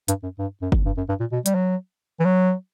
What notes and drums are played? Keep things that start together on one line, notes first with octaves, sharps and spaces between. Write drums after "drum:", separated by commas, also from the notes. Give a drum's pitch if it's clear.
G2, drum: hi-hat
F#2
G2
F#2
drum: kick F#1
G2
F#2
G2
A#2
B2
G3, drum: hi-hat
F#3
E3
F#3